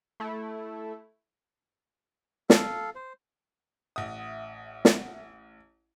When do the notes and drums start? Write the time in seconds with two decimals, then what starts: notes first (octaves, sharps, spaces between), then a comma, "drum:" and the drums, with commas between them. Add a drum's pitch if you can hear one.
0.20 A3 E4
2.50 A4 F5, drum: snare
2.95 C5
3.96 A1 E5 F#5 D#6
4.85 drum: snare